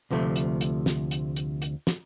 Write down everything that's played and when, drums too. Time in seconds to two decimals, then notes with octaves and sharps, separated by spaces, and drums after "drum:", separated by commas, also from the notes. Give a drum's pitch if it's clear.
0.11 D2 C3 F3 A3
0.36 drum: hi-hat
0.61 drum: hi-hat
0.86 drum: snare
1.11 drum: hi-hat
1.36 drum: hi-hat
1.62 drum: hi-hat
1.87 drum: snare